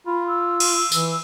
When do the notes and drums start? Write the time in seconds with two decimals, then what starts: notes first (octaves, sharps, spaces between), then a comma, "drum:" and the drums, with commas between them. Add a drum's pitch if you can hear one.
0.07 F4 B5
0.28 E6
0.60 drum: cymbal
0.92 E3, drum: tambourine